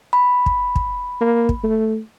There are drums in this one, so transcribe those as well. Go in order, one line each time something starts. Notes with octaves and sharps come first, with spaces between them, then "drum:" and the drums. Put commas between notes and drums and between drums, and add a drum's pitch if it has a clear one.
B5
drum: kick
drum: kick
A#3
drum: kick
A3